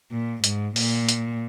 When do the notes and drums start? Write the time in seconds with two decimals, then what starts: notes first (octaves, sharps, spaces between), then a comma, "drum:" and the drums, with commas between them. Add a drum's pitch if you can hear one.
0.11 A#2
0.44 G#2, drum: hi-hat
0.76 A#2, drum: open hi-hat
1.09 drum: hi-hat